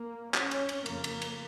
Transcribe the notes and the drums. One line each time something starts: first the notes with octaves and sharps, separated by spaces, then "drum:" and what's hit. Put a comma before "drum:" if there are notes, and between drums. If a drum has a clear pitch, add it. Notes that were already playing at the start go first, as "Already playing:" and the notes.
Already playing: A#3
C#4, drum: clap
drum: cymbal
drum: cymbal
F2 C#3 A#3, drum: cymbal
drum: cymbal
drum: cymbal